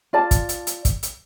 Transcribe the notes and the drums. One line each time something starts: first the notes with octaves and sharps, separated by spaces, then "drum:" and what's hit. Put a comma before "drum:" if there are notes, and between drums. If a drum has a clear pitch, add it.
F4 D5 A5
drum: kick, hi-hat
drum: hi-hat
drum: hi-hat
drum: kick, hi-hat
drum: hi-hat